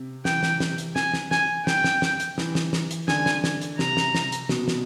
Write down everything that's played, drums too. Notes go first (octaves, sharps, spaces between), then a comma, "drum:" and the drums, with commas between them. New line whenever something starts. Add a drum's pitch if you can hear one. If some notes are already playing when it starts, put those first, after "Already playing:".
Already playing: C3
E3 G5, drum: snare
drum: snare
drum: snare
drum: hi-hat
G#5, drum: snare
drum: snare
G#5, drum: snare
G5, drum: snare
drum: snare
drum: snare
drum: hi-hat
E3, drum: snare
drum: snare
drum: snare
drum: hi-hat
D3 G#5, drum: snare
drum: snare
drum: snare
drum: hi-hat
C3 A#5, drum: snare
drum: snare
drum: snare
drum: hi-hat
B2, drum: snare
drum: snare